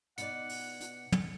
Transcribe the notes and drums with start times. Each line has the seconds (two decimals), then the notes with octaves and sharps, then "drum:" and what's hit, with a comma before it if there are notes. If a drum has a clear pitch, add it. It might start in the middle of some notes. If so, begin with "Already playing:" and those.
0.18 B2 D#4 D5 F#5 C#7, drum: hi-hat
0.49 drum: open hi-hat
0.81 drum: hi-hat
1.12 drum: tom